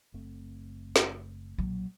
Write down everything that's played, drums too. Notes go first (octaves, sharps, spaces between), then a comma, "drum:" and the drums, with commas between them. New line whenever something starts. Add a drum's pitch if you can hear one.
F#1 A3 C4
drum: snare
B1 A#2 F#3